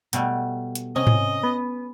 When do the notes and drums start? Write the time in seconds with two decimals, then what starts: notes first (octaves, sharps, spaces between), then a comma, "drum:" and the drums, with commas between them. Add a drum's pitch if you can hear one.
0.13 B2 G3 A3, drum: hi-hat
0.75 drum: hi-hat
0.96 C3 C#4 D#5
1.07 drum: tom G#2
1.43 B3